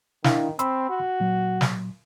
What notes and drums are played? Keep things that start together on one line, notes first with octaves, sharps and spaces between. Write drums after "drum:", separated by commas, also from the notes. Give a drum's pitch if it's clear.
D#3 D4 E4 F5, drum: snare
C4 B5 C6 E6, drum: hi-hat
F#4
A#2 F#3
drum: snare